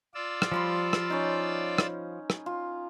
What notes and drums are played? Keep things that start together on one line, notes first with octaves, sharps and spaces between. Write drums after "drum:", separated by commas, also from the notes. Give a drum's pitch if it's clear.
F4 D5 E6
drum: rim click
F3 G3 B5 C6
drum: rim click
C#4 D#4
drum: rim click
drum: rim click
F4